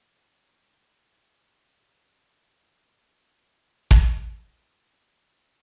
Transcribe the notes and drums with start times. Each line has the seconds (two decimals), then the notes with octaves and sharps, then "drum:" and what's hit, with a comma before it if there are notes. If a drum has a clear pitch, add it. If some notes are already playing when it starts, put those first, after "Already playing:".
Already playing: B2 F#3 A#3 C#4
2.40 F3 A#3 C#4
3.91 drum: kick
5.24 F3 G#3 B3 D#4 F#4